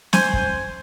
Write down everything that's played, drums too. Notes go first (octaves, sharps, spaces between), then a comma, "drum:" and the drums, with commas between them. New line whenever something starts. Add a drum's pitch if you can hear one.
C5 G#5, drum: snare
drum: kick